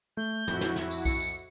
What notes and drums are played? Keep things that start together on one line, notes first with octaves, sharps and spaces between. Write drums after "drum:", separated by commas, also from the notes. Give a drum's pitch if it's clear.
A3 G6
F2 E4 F#4, drum: tom
drum: snare
drum: snare
drum: tambourine
C#7, drum: kick B1, tambourine
drum: tambourine